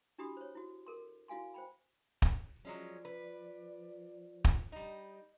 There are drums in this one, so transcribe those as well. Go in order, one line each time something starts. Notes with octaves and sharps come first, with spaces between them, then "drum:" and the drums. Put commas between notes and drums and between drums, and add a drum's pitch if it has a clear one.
D4 E4 F#4 G4 B5 D#6
C5 C#5
E4 F#4
A4 A#4 C6
E4 F#4 F5 G#5 C6
C5 G5 B5
drum: kick
F3 F#3 G#3 C#4 D5
B4
drum: kick
G3 D#4 D#5